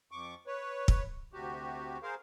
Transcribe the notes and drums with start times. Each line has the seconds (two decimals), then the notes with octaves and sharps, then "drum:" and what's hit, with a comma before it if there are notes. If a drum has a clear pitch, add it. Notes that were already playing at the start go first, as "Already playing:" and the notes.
0.11 F2 C#6 D6
0.47 B4 C#5
0.88 drum: kick
1.33 D2 C3 F#4 G4
2.03 G#4 A#4 C5 F5